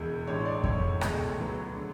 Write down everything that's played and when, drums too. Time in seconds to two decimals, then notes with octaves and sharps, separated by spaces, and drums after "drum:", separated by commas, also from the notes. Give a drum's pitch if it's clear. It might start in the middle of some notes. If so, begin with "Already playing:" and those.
Already playing: E1 E2 C#3
0.26 A1 A2 G#3 D4 C#5
0.45 D5
0.64 E1 E2 D3 C#5, drum: kick F2
1.01 C#2 B2 A3, drum: rim click
1.38 D2 C#3 F#3 B3
1.74 D3